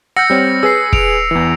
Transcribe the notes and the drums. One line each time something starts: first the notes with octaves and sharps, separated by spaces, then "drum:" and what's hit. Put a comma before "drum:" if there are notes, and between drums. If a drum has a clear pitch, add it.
F#5 E6 F6 G6 A#6 C#7
G3 C4 C#5
G#4 B4 G#5 E6 C7
D7 F7, drum: kick
E2 E3